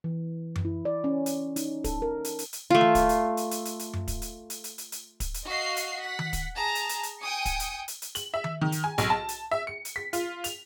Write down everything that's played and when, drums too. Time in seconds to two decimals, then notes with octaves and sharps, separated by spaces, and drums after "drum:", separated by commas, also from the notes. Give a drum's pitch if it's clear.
0.04 E3
0.56 drum: tom F#2
0.65 E4
0.85 D5
1.04 C#4
1.26 drum: hi-hat
1.56 D#4, drum: hi-hat
1.84 A4, drum: kick, hi-hat
2.02 A#4
2.24 drum: hi-hat
2.39 drum: hi-hat
2.53 drum: hi-hat
2.70 A3 F4
2.81 drum: tom D#3
2.95 drum: kick, hi-hat
3.09 drum: hi-hat
3.37 drum: hi-hat
3.51 drum: hi-hat
3.65 drum: hi-hat
3.79 drum: hi-hat
3.93 drum: tom F#2
4.08 drum: kick, hi-hat
4.22 drum: hi-hat
4.50 drum: hi-hat
4.64 drum: hi-hat
4.78 drum: hi-hat
4.92 drum: hi-hat
5.20 drum: kick, hi-hat
5.34 drum: hi-hat
5.46 F#4 D#5 F5 C7
5.76 drum: hi-hat
6.00 F#5 B6
6.19 drum: tom D#3
6.33 drum: kick, hi-hat
6.55 G#4 A5 A#5
6.75 drum: hi-hat
6.89 drum: hi-hat
7.03 drum: hi-hat
7.22 G5 G#5 D#6 C#7
7.45 drum: kick, hi-hat
7.60 drum: hi-hat
7.88 drum: hi-hat
8.02 drum: hi-hat
8.15 F#7, drum: hi-hat
8.34 E5
8.44 drum: tom D#3
8.61 D#3
8.72 drum: hi-hat
8.84 G#5
8.98 B1, drum: hi-hat
9.10 A5
9.28 drum: hi-hat
9.51 E5
9.67 C#7
9.85 drum: hi-hat
9.96 B6
10.13 F4, drum: hi-hat
10.44 F7, drum: hi-hat